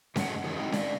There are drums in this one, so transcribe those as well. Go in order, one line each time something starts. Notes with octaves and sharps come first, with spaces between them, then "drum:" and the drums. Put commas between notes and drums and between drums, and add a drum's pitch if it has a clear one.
G#2 F#3 G#3 A3 F#5, drum: snare C#4
D#3 E3 F#3 C#4 G#4
G#3 C4 D#4 E4 F#4 G#4
D3 D5 D#5 F5, drum: snare C#4